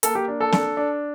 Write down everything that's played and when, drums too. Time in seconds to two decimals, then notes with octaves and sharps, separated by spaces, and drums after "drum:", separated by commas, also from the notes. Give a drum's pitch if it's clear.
0.03 A#3 A4, drum: hi-hat
0.15 G4
0.28 D4
0.41 A4
0.52 D4 A4, drum: snare
0.77 D4